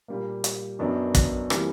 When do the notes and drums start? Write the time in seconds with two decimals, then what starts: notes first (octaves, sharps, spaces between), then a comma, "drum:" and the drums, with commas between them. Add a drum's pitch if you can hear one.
0.08 A#2 G3 A#3
0.44 drum: hi-hat
0.79 F#2 D#3 F#3 B3 D4
1.15 drum: kick, hi-hat
1.50 C3 E3 G3 A#3, drum: rim click